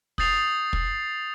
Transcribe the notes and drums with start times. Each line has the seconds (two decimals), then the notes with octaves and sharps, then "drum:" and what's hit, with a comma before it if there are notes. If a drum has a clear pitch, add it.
0.18 D#6 G6 A6 C7 F7, drum: kick
0.73 drum: kick